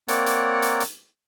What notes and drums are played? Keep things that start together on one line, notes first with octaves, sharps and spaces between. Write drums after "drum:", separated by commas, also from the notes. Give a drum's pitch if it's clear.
A#3 C4 A#4 C#5 D5 F#5, drum: hi-hat
drum: hi-hat
drum: hi-hat
drum: hi-hat